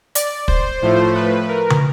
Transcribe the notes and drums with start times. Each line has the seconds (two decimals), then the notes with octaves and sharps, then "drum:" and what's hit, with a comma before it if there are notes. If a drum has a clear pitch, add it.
0.15 D5, drum: hi-hat
0.48 C5, drum: kick
0.82 A2 F3 A3
1.15 B4
1.49 A#4
1.70 drum: tom